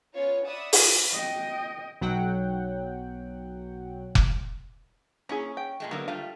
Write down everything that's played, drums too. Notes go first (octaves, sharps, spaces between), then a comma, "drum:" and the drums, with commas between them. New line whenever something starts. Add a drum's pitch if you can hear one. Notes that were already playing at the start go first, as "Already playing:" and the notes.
B3 C#4 F4 C#5
D5 E5 F#5 B5 D#6 E6
drum: open hi-hat
D#5 G5
B1 F#3 F#5 G5
drum: kick F1
A#3 C#4 E4 G#4
G5
A#2 G#3 A3
D3 F#3 A#3 B3
G3 A3 F4 F5